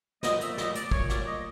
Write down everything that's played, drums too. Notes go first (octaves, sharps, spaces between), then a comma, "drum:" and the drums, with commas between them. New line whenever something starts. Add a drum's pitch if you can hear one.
A#2 F#3 A3 D#5, drum: snare
E5, drum: hi-hat
D5
D#5, drum: snare
D5, drum: hi-hat
A#2 F#3 A3 C#5, drum: kick
D5, drum: snare
D#5